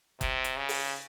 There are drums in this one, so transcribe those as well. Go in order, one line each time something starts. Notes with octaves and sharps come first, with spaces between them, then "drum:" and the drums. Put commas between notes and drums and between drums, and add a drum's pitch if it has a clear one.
C3, drum: kick F#1, hi-hat
drum: hi-hat
C#3
drum: open hi-hat